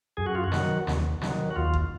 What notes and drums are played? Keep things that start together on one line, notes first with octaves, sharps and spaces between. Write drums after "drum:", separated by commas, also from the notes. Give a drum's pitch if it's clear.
F#2 G#4
F#4
F4
F#4
D#3 F#3, drum: snare
D#2, drum: snare
D#3 F#3, drum: snare
F#4
D#2 F4
drum: kick F#1